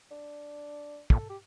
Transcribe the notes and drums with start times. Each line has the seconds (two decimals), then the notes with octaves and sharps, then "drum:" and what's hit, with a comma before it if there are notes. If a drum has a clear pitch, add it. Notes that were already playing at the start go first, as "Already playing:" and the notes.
0.11 D4
1.10 A#2 A4, drum: kick
1.30 G4